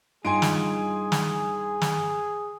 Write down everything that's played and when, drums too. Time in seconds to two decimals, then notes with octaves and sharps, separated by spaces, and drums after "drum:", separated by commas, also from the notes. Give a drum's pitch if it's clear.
0.25 G2 D#4 F4 G#4 G#5 C6 D7
0.42 drum: snare
1.12 drum: snare
1.82 drum: snare